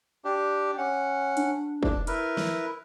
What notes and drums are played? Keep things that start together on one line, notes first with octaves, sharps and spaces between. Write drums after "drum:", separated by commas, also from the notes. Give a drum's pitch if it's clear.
D4 G4
C#4 F#5
D4, drum: hi-hat
D4, drum: kick
E4 A#4 B4 F6, drum: hi-hat
drum: snare